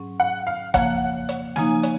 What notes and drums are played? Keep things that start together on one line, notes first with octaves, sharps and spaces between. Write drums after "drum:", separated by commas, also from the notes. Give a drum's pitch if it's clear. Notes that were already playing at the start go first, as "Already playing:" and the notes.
Already playing: G#2 F#3 C#4
F#5
F5
F2 C#3 F3 A#3 F#5, drum: kick, hi-hat
drum: hi-hat
C#3 F3 A#3 D#4 G#5, drum: snare
drum: hi-hat